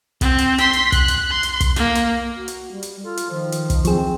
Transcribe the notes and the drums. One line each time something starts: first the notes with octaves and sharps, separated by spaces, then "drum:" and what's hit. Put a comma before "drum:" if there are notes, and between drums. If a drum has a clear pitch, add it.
C4, drum: kick, hi-hat
drum: hi-hat
C6 B6, drum: hi-hat
drum: hi-hat
F#6, drum: kick, hi-hat
drum: hi-hat
C6
drum: hi-hat
drum: kick, hi-hat
A#3, drum: hi-hat
drum: hi-hat
F#4
drum: hi-hat
G3
drum: hi-hat
F4 A4
drum: hi-hat
D#3 F3
drum: hi-hat
drum: kick, hi-hat
F3 C4 G#4, drum: hi-hat